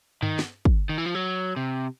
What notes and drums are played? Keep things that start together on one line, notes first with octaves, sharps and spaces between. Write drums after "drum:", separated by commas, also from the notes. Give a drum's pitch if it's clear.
D#3, drum: tom G2
drum: snare
drum: kick
D#3
E3
F3
F#3
C3